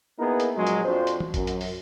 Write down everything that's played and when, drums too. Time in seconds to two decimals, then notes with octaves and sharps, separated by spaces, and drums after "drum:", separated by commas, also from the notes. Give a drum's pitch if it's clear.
0.19 A#3 B3 D#4 E4 G#4 A#4
0.40 drum: hi-hat
0.56 A#1 F#3 G#3
0.67 drum: hi-hat
0.85 F2 F3 D4 F#4 C5
1.07 drum: hi-hat
1.20 drum: tom
1.34 F#2, drum: kick, hi-hat
1.47 drum: hi-hat
1.61 drum: open hi-hat